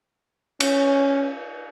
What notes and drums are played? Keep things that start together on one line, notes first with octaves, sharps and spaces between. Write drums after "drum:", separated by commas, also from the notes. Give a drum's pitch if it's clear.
C#4, drum: cymbal